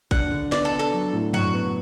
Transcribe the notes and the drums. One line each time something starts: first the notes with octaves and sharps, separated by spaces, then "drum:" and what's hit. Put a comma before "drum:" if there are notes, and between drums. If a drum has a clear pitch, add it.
D4 F#5, drum: kick A1
D3
B3 D5, drum: snare
A4
D4
A4
F#3
A2
F#3 F#4, drum: tom F#2
B3